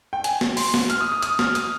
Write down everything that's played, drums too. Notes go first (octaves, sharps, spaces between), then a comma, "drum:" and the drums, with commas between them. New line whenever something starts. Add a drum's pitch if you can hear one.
G5
G#5, drum: hi-hat
drum: snare
C6, drum: open hi-hat
drum: snare
F6, drum: hi-hat
D#6
D#6
D#6, drum: hi-hat
F6, drum: snare
D#6, drum: hi-hat